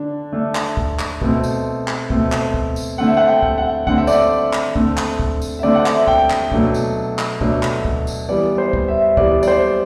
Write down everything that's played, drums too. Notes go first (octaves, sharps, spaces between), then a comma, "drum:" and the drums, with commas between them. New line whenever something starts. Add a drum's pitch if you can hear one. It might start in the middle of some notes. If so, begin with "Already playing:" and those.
Already playing: D3 D4
D3 A3 D4
drum: clap
drum: kick
drum: clap
B2 A3 C4, drum: kick
drum: tambourine
drum: clap
B2 A3 C4, drum: kick
drum: clap
drum: kick
drum: tambourine
D3 A3 C4 F#5
E5
F#5
G5
drum: kick
F#5
D3 A3 C4 F#5, drum: kick
E5
D5, drum: tambourine
E5
drum: clap
D3 A3 C4, drum: kick
drum: clap
drum: kick
drum: tambourine
E5
D3 A3 C4 D5
F#5
E5, drum: clap
G5, drum: kick
drum: clap
B2 F#3 A3 D4, drum: kick
drum: tambourine
drum: clap
B2 F#3 A3 D4, drum: kick
drum: clap
drum: kick
drum: tambourine
E3 G3 B3 D5
C5
drum: kick
E5
E3 G3 B3 D5, drum: kick
D5, drum: tambourine
C5